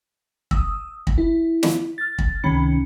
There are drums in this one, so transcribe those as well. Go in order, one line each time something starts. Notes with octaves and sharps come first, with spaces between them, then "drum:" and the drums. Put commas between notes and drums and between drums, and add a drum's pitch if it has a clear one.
D#6 E6, drum: kick
drum: kick
E4
drum: snare
F6 A6
drum: kick
C#2 C3 D#3 C#4 B5 C#7